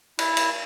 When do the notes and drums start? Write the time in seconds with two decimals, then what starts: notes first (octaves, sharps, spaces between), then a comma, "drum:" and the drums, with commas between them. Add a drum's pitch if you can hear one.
0.19 E4, drum: cymbal
0.37 drum: cymbal